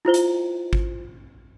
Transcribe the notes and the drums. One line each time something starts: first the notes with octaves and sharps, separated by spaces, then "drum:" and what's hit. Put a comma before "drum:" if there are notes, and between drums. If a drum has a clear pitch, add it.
E4 F4 C5 G7
drum: hi-hat
drum: kick G#1